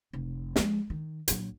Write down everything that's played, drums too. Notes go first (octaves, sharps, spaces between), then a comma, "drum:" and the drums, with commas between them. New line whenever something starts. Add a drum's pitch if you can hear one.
F1
F3 G#3, drum: snare
D#3
A#1 F#3, drum: hi-hat